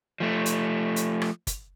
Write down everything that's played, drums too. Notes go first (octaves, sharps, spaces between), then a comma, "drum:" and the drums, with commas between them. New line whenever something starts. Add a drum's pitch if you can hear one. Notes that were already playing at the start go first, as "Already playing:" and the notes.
F3 A3
drum: hi-hat
drum: hi-hat
drum: rim click
drum: kick, hi-hat